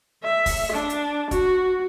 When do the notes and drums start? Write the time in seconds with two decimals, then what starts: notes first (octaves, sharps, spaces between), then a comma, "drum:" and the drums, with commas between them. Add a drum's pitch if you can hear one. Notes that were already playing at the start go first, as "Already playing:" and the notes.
0.24 E5
0.46 drum: kick, open hi-hat
0.73 D4
0.90 drum: hi-hat
1.31 F#4, drum: kick, hi-hat